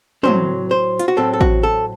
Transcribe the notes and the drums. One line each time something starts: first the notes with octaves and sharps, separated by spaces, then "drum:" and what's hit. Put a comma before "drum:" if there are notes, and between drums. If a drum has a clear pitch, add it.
A2 F#3 C4 C5, drum: tom
C5
F4, drum: hi-hat
F#4
A2 F#3 C4 A4
A4
F#4, drum: kick A1
A4